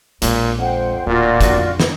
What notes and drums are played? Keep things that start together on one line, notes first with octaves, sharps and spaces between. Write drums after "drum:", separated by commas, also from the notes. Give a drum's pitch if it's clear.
A#1 A#2 G#3, drum: hi-hat
F2 C5 F#5 G5
D1 A#2 F4 F#4 D5
F2 D3, drum: kick, hi-hat
drum: snare